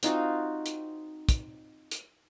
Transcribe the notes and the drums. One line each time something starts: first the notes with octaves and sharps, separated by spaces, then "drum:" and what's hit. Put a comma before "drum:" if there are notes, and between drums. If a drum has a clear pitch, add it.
C4 D#4 F4 F#4, drum: hi-hat
drum: hi-hat
drum: kick, hi-hat
drum: hi-hat